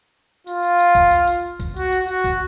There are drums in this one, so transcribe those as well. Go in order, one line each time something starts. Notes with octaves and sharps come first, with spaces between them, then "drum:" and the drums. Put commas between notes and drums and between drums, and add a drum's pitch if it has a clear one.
F4, drum: tambourine
drum: tambourine
drum: tambourine
drum: kick B1, tambourine
drum: tambourine
drum: tambourine
drum: kick B1, tambourine
F#4, drum: tambourine
drum: tambourine
F#4, drum: tambourine
drum: kick B1, tambourine